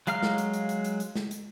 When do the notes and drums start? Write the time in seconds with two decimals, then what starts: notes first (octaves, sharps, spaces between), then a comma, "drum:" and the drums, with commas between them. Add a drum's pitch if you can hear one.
0.07 F#3 G#3 F5 A#5 F6, drum: hi-hat
0.23 drum: snare
0.38 drum: hi-hat
0.54 drum: hi-hat
0.69 drum: hi-hat
0.85 drum: hi-hat
1.00 drum: hi-hat
1.15 drum: snare
1.31 drum: hi-hat